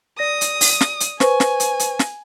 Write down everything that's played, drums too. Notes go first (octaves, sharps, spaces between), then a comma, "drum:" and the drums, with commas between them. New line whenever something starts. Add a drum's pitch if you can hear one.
D5 D#6 A#6
drum: hi-hat
drum: open hi-hat
drum: snare
drum: hi-hat
B4 C5 G#5 C#6, drum: snare
drum: snare
drum: hi-hat
drum: hi-hat
drum: snare